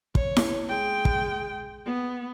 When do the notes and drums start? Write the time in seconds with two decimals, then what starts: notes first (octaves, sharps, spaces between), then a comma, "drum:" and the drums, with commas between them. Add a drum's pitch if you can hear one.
0.15 C#5, drum: kick
0.37 drum: snare E4
0.67 G#3 G5
1.05 drum: kick
1.86 B3